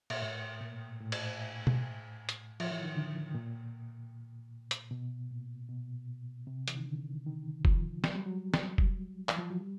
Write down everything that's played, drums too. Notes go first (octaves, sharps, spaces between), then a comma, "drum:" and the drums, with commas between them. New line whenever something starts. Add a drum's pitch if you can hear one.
A#2, drum: cymbal
A2
A#2
A2
drum: cymbal
drum: tom B2
drum: hi-hat
F3, drum: cymbal
E3
D#3
D3
A#2
drum: hi-hat
B2
A#2
B2
C3
E3, drum: hi-hat
D#3
D3
D#3
F3, drum: kick F1
F#3, drum: snare
G3
F#3
drum: snare
drum: kick F1
E3, drum: clap
F3
F#3
G3